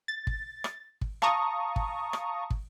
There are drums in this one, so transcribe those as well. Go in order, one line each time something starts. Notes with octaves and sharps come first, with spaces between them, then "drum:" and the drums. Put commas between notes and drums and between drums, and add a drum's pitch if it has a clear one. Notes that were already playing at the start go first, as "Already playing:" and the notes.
A6
drum: kick
drum: rim click
drum: kick
F5 A5 A#5 C#6 D#6, drum: rim click
drum: kick
drum: rim click
drum: kick